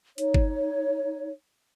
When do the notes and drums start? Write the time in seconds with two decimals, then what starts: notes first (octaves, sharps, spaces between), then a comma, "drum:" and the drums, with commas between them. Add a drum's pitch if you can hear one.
0.18 D#4 C#5, drum: hi-hat
0.34 drum: kick G1